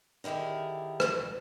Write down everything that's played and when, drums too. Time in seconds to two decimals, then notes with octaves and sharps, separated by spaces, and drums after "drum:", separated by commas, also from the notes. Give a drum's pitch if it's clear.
0.24 D3 D#3 E4 G4 G#4
1.00 drum: rim click